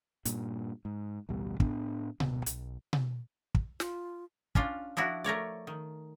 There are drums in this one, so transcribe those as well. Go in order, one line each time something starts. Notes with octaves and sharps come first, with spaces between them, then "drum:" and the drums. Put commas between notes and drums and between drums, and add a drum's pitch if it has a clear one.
G2 A#2, drum: hi-hat
G#2
A1 D2 B2 G3
A2 B3 D4, drum: kick
D1 B2, drum: tom B2
B1, drum: hi-hat
drum: tom B2
drum: kick
F4, drum: snare
C#4 D4 F4, drum: kick
F3 D4 E4 F#4
A3 A#4 C#5 D5
D#3